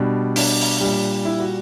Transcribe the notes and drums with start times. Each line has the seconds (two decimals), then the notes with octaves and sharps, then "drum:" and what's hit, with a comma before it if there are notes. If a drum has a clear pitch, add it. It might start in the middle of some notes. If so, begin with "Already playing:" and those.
Already playing: B2 G3 D4
0.36 D4, drum: open hi-hat
0.61 drum: open hi-hat
0.81 A#2 G3
1.25 E4
1.40 F#4